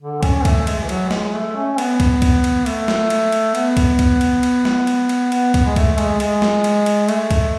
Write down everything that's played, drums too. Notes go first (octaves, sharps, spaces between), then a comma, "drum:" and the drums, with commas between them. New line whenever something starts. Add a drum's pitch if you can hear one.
D3
C#4, drum: kick, cymbal
A3, drum: kick, cymbal
G#3, drum: cymbal
E3
F#3, drum: cymbal
G#3, drum: snare
A3
C#4
B3, drum: cymbal
drum: kick, cymbal
drum: kick, cymbal
drum: cymbal
A3, drum: cymbal
drum: snare
drum: cymbal
drum: cymbal
B3, drum: cymbal
drum: kick, cymbal
drum: kick, cymbal
drum: cymbal
drum: cymbal
drum: snare
drum: cymbal
drum: cymbal
B3, drum: cymbal
B3, drum: kick, cymbal
G#3
A3, drum: kick, cymbal
G#3, drum: cymbal
G#3, drum: cymbal
drum: snare
drum: cymbal
drum: cymbal
A3, drum: cymbal
drum: kick, cymbal